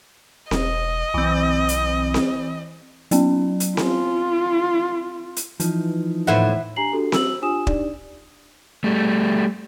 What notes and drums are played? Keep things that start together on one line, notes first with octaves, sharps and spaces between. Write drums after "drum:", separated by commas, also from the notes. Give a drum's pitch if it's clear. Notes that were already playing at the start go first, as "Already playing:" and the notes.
E1 D#5, drum: snare C4
B1 E3 C4
drum: hi-hat
drum: snare C4
F#3 B3 C#4, drum: hi-hat
drum: hi-hat
C4 F4, drum: snare C4
drum: hi-hat
E3 F3 D#4, drum: hi-hat
D#2 A2 B3 C5 E5 F#5
D4 G4 G#5 A#5 C7 F#7
D4 F#4 G4 A4
F#4 E6 F#7, drum: snare C4
D4 F4 G4 G#5 D#6 E7
D4 D#4 G4 D5, drum: kick
G3 A3